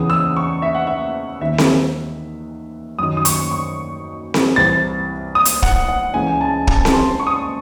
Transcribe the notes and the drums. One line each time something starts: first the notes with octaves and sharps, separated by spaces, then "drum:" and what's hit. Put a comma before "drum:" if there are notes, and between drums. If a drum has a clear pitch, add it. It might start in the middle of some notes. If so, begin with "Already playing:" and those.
Already playing: E2 C#3 E3 D#6
E6
C#6
E5
F#5
E5
D#2 D#3 E5
drum: snare C4
F#2 D#3 D#6
D#6
C#6, drum: hi-hat
C#6
drum: snare C4
C2 C3 E3 A6
D#6
drum: hi-hat
F#5, drum: kick
F#5
C#2 C#3 E3 G#5
A5
A5, drum: kick
A5, drum: snare C4
C6
C#6
D#6
C#6